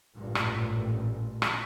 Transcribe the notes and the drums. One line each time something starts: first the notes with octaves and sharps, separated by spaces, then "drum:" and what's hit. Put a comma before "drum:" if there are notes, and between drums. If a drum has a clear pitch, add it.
A1 G2 A#2
drum: rim click
drum: rim click